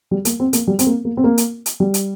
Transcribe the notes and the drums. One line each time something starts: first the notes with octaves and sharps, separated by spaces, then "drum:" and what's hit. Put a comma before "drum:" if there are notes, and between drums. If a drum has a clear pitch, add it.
G3
A#3, drum: hi-hat
C4
A#3, drum: hi-hat
G3
C4, drum: hi-hat
A#3
A#3
C4
A#3
drum: hi-hat
drum: hi-hat
G3
drum: hi-hat